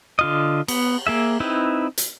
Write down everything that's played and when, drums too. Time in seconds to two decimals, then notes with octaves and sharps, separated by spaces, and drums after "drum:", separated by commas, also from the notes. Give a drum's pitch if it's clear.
0.19 D3 F4 D#5
0.68 B3, drum: cymbal
1.07 A#3 G#4 E5
1.40 C4 D#4 E4 B4
1.98 drum: hi-hat